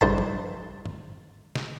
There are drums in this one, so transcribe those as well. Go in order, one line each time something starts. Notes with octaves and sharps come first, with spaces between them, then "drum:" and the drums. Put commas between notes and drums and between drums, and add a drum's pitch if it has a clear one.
G2 C5 A5, drum: kick G1
drum: tom
drum: tom
drum: snare